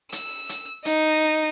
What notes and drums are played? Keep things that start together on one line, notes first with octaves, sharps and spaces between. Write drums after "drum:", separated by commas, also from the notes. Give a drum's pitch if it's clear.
E6, drum: hi-hat
drum: hi-hat
D#4, drum: hi-hat